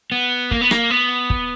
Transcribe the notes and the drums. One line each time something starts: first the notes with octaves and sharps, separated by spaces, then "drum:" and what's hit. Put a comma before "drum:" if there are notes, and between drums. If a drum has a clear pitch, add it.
B3
A#3, drum: kick
B3
A#3, drum: rim click
B3
drum: kick